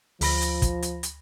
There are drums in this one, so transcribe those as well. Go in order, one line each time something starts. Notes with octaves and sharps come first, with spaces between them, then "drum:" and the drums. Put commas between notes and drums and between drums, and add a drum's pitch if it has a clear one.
D2 F3 B5 A#6, drum: open hi-hat
drum: hi-hat
drum: kick, hi-hat
drum: hi-hat
drum: hi-hat